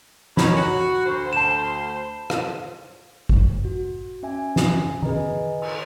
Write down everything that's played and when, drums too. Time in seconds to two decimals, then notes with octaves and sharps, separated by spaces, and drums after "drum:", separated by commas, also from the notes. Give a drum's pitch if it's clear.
0.37 D#3 F#3 C#4 B5, drum: snare
0.57 F#4
1.06 D2 C5
1.33 A5 E7
2.30 drum: rim click
3.29 drum: kick
3.65 F#4
4.23 C#4 E5 G#5
4.56 drum: snare
5.03 G#4 B4 D#5 G#5 A#5, drum: tom D#3
5.62 drum: cymbal